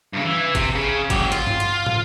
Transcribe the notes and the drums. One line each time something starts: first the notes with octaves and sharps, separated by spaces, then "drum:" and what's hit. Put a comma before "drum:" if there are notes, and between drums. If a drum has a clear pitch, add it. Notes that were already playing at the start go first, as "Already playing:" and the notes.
G2 C#3
E3
C3, drum: kick G1, hi-hat
C#3
F#3 G4, drum: kick G1, hi-hat
F4, drum: hi-hat
drum: tom G2
drum: hi-hat
drum: tom